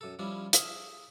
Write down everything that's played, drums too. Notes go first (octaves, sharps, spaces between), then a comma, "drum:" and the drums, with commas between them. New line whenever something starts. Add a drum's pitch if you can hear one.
F#2 A4
F3 G3 C#4 E4 F4
G#4 E5 F5, drum: hi-hat